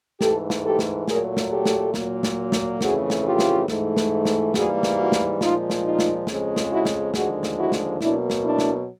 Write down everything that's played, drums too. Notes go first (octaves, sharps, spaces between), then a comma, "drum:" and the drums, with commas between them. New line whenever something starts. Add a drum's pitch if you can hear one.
G#2 E3 A3 G4 A4, drum: snare
drum: snare
G4 A4
drum: snare
A#2 F#3 A3 G#4 A#4, drum: snare
drum: snare
G4 A4
drum: snare
A#2 F#3 A#3, drum: snare
drum: snare
drum: snare
F2 C#3 E3 A3 F#4 G#4, drum: snare
drum: snare
F4 G4
drum: snare
G#2 E3 A3, drum: snare
drum: snare
drum: snare
G#2 E3 G3 A#3 F#4 G#4, drum: snare
drum: snare
E4 F#4
drum: snare
A#2 F3 G#3 D#4 F4, drum: snare
drum: snare
D#4 F4
drum: snare
F2 C#3 F3 G#3, drum: snare
drum: snare
E4 F#4
drum: snare
D#2 D3 F3 G#3 F#4 G#4, drum: snare
drum: snare
E4 F#4
drum: snare
B2 F#3 A#3 D4 E4, drum: snare
drum: snare
D4 E4
drum: snare